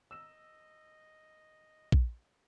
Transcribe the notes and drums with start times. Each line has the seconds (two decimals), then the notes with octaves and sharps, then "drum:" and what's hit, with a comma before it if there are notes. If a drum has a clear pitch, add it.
0.11 D#5 E6 E7
1.92 drum: kick